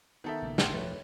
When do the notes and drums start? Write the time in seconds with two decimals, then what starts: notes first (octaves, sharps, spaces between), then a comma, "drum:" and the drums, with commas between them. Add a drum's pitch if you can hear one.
0.24 D#3 B3 A4 E5
0.43 A#1 C#3 A#3
0.58 G#1 A#2 D3 F#5 G5 C6, drum: snare
0.73 E1 F3 A3 B4 C#5